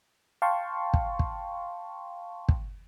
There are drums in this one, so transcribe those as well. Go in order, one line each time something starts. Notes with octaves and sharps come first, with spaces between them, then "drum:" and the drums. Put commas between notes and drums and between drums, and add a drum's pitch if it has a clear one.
F5 G5 A5 C6 C#6
drum: kick
drum: kick
drum: kick